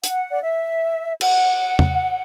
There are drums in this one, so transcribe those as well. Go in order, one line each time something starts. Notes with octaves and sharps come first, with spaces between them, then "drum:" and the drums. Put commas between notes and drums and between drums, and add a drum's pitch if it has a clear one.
F#5, drum: hi-hat
D5
E5
F#5, drum: cymbal
drum: tom E2